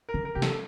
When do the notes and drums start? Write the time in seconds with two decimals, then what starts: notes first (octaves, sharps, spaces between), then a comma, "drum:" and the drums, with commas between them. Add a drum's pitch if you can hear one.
0.09 A#4
0.14 D3
0.25 A#4
0.35 C3 G4
0.42 A4, drum: snare